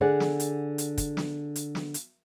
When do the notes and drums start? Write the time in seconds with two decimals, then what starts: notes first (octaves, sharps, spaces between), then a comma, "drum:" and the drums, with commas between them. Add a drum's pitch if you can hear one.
0.01 D3 G#4 D5 F#5
0.20 drum: snare
0.40 drum: hi-hat
0.78 drum: hi-hat
0.98 drum: kick, hi-hat
1.17 drum: snare
1.56 drum: hi-hat
1.75 drum: snare
1.94 drum: hi-hat